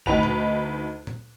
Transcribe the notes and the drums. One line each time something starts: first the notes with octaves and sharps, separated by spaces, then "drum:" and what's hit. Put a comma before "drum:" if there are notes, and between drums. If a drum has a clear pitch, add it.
D2 D#4 B4 F7, drum: kick G#1
drum: tom A#2
drum: tom A#2